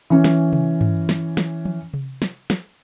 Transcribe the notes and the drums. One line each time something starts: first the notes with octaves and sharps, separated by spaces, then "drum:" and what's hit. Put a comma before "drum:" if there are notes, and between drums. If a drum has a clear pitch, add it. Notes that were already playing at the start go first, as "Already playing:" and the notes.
E3 C#4
drum: snare
drum: tom C3
drum: tom G2
drum: snare
drum: snare
drum: tom F3
drum: tom C3
drum: snare
drum: snare